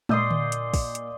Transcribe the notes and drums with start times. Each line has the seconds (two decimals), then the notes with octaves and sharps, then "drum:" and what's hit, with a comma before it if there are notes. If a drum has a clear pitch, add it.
0.09 A#2 D5 D#5 C6 E6 G6, drum: tom
0.31 drum: tom D3
0.52 drum: hi-hat
0.74 drum: kick, open hi-hat
0.95 drum: hi-hat